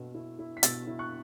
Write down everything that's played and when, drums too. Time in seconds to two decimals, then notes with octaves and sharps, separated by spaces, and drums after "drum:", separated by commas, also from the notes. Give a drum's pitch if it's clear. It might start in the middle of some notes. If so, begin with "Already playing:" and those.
Already playing: B2 B3 E6
0.15 E4
0.39 E4
0.57 B6
0.63 B2 E6 A6, drum: hi-hat
0.87 E4
0.99 C#6 F#6